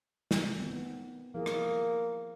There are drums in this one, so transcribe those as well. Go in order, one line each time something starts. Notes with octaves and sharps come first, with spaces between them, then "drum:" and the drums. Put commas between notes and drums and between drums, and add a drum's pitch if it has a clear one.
drum: snare
D#3 B3 C4
F3 A#3 E4 G#4
drum: rim click